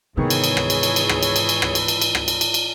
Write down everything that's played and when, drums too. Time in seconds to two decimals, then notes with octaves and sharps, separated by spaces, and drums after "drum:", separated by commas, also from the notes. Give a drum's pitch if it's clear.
0.17 G#2 C3 D#3 E3 B3 G#4 C#5
0.30 drum: cymbal
0.44 drum: cymbal
0.57 drum: rim click
0.70 drum: cymbal
0.83 drum: cymbal
0.96 drum: cymbal
1.09 drum: rim click
1.23 drum: cymbal
1.36 drum: cymbal
1.49 drum: cymbal
1.62 drum: rim click
1.75 drum: cymbal
1.88 drum: cymbal
2.02 drum: cymbal
2.15 drum: rim click
2.28 drum: cymbal
2.41 drum: cymbal
2.54 drum: cymbal